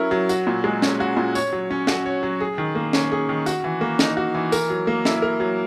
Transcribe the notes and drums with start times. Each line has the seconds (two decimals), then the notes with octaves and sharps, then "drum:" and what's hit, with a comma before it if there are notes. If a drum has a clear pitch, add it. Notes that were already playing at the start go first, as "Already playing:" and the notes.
Already playing: F#3 C#4 E4 A#4
0.11 F#3
0.29 F#4, drum: tambourine
0.47 A#2
0.64 G#3
0.82 C#4, drum: snare
1.00 F#4
1.17 A#2
1.35 C#5, drum: tambourine
1.53 F#3
1.71 C#4
1.87 F#4, drum: snare
2.06 C#5
2.23 F#3
2.41 G#4
2.58 D#3
2.75 A#3
2.93 C#4, drum: snare
3.12 G#4
3.29 D#3
3.46 F#4, drum: tambourine
3.64 E3
3.81 A#3
3.99 D#4, drum: snare
4.17 F#4
4.35 E3
4.52 A#4, drum: tambourine
4.70 F#3
4.87 A#3
5.05 E4, drum: snare
5.22 A#4
5.40 F#3